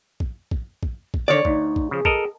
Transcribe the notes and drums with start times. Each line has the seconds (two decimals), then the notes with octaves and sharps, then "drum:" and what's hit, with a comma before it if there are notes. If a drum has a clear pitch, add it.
0.20 drum: kick
0.51 drum: kick
0.83 drum: kick
1.14 drum: kick
1.28 D3 D#3 C#5 D5
1.45 D2 D#4, drum: kick
1.76 drum: kick
1.91 C#3 F3 G#4
2.05 A4 A#4 D#5, drum: kick